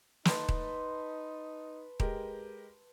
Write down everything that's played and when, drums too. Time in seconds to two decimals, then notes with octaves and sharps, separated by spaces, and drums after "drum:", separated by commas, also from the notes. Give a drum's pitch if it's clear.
0.25 D#4 B4 A5 C6, drum: snare
0.49 drum: kick D#1
2.00 G#3 G4 A#4, drum: kick D#1